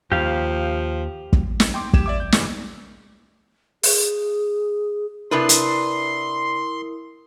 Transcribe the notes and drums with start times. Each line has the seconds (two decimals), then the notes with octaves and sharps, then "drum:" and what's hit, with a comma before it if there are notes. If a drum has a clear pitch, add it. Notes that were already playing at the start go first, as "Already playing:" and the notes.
0.12 D#2 F3 G4 F5
1.33 drum: kick
1.60 drum: snare
1.74 G5 C6 D6
1.93 G4 G#6 E7, drum: kick
2.06 D5 E5 D6
2.20 G6
2.32 G2 A#2 C#3 E3, drum: snare
3.83 G#4, drum: open hi-hat
5.31 C3 D4 E4 A#4 B4 C6 D#6
5.49 drum: hi-hat